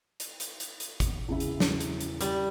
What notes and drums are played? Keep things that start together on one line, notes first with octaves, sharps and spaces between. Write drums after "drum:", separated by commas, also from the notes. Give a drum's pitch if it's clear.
drum: hi-hat
drum: hi-hat
drum: hi-hat
drum: hi-hat
drum: kick, hi-hat
E2 C#3 E4
drum: hi-hat
drum: snare
drum: hi-hat
drum: hi-hat
G3, drum: hi-hat